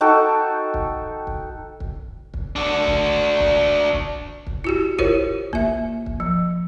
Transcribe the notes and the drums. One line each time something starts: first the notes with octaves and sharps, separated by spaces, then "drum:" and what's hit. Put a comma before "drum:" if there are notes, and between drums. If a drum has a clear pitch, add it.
D#4 F#4 A4 G5
drum: kick
drum: kick
drum: kick
drum: kick
D4 F#4
drum: kick
drum: kick
drum: kick
drum: kick
E4 F#4 G4
E4 F4 G4 A#4 C5 C#5, drum: kick
A#3 E5, drum: kick
drum: kick
F3